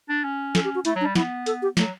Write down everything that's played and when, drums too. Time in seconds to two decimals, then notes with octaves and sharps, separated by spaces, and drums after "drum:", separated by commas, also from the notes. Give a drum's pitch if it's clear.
0.09 D4
0.24 C#4
0.55 A4, drum: snare
0.64 G4
0.75 F#4
0.85 A3 E4, drum: hi-hat
0.96 F#3
1.01 D4
1.06 G3
1.15 B3 E4, drum: snare
1.46 A4, drum: hi-hat
1.62 G4
1.77 F#3 A3, drum: snare